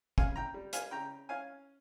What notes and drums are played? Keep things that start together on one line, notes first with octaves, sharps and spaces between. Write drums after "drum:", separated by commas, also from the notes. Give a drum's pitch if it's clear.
C#3 F5 G#5, drum: kick
G5 A#5
G3
F5 G#5, drum: hi-hat
C#3 G5 A#5
C#4 F5 G#5